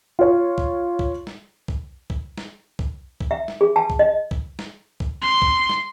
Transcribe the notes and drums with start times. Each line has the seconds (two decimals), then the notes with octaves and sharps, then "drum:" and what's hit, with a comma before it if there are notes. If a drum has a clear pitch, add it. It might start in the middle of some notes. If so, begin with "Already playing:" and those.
0.19 F4 C#5
0.58 drum: kick B1
0.99 drum: kick B1
1.27 drum: snare
1.68 drum: kick B1
2.10 drum: kick B1
2.38 drum: snare
2.79 drum: kick B1
3.20 drum: kick B1
3.31 E5
3.48 drum: snare
3.61 G#4
3.76 A5
3.90 drum: kick B1
3.99 D#5
4.31 drum: kick B1
4.59 drum: snare
5.00 drum: kick B1
5.22 C6
5.42 drum: kick B1
5.69 drum: snare